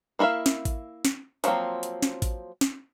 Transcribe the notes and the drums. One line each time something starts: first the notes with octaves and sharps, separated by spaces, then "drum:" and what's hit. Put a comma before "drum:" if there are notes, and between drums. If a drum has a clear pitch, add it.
A#3 E4 F4 E5 F5
drum: snare
drum: kick A1, hi-hat
drum: snare
F3 F#3 G#3 A#3 C4, drum: hi-hat
drum: hi-hat
drum: snare
drum: kick A1, hi-hat
drum: snare